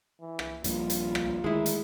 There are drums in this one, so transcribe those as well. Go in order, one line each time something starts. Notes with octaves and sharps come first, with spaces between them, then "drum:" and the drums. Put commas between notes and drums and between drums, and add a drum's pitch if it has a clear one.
E3
drum: rim click
A#1 G2 A#2 F4, drum: hi-hat
drum: hi-hat
drum: rim click
D2 D#3 G#3 E4
drum: hi-hat